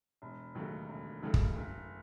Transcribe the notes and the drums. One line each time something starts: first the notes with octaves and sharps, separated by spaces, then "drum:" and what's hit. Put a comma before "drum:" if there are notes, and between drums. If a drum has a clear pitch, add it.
E1
D#2 C#3 F#3 A3
E1
D#2 C#3 F#3 A3
drum: kick
F#1